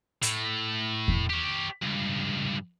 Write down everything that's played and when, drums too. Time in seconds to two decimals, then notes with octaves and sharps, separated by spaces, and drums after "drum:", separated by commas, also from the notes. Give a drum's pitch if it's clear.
0.22 A2 A3, drum: hi-hat
1.08 drum: kick E2
1.30 G4 C#5
1.82 C#2 G2